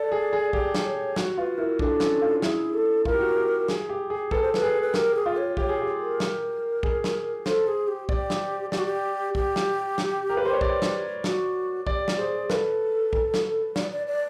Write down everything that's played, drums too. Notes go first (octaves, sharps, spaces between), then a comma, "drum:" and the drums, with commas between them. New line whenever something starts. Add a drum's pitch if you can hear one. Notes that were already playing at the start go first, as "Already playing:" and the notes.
Already playing: A4 D5
G#4
G#4
G4 D5, drum: kick
drum: snare
C#5
F#4, drum: snare
F4 B4
E4 A#4
D4 A4, drum: kick
C#4, drum: snare
F4
E4 G#4, drum: snare
A4
F4 A#4, drum: kick
G4
F#4
G4
G#4, drum: snare
G4
G#4
A4 B4, drum: kick
C5
B4, drum: snare
G#4
B4
G4 A#4, drum: snare
G#4
F4
C#5
G4 C#5, drum: kick
G#4
G4
A#4
drum: snare
G#4, drum: kick
drum: snare
A4 C5, drum: snare
G#4
G4
G4 D5, drum: kick
drum: snare
G4 D5, drum: snare
F#4
G4
G4, drum: kick
drum: snare
drum: snare
A#4
B4
C5
C#5
D5, drum: kick
drum: snare
F#4, drum: snare
G4 D5, drum: kick
drum: snare
G#4 C5
A4 B4, drum: snare
drum: kick
drum: snare
D5, drum: snare
D5
D5